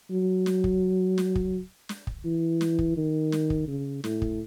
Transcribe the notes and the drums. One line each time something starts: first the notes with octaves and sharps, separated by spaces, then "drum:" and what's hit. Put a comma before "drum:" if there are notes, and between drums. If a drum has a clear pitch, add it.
F#3
drum: snare
drum: kick
drum: snare
drum: kick
drum: snare
drum: kick
E3
drum: snare
drum: kick
D#3
drum: snare
drum: kick
C#3
A2, drum: snare
drum: kick